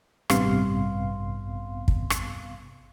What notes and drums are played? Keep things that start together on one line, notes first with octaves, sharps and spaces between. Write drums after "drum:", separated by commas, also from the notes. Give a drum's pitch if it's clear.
A1 G2 C3 B3 F5 C6, drum: rim click
drum: kick
drum: rim click